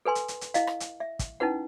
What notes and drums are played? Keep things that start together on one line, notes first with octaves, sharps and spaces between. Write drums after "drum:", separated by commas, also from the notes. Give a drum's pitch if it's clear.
A4 B4 G#5 C6
drum: hi-hat
drum: hi-hat
drum: hi-hat
E4 D#5 F5, drum: hi-hat
drum: rim click
drum: hi-hat
E5
drum: kick, hi-hat
C#4 D#4 E4 B4 F#5